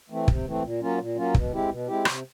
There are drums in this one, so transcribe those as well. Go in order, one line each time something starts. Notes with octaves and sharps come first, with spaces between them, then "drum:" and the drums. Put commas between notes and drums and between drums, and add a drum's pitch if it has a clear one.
E3 A3 C4
C3, drum: kick
E3 A3 C4
A#2
F#3 A#3 C#4 F4
A#2
F#3 A#3 C#4 F4
B2, drum: kick
G#3 C4 E4 G4
B2
G#3 C4 E4 G4
C3, drum: rim click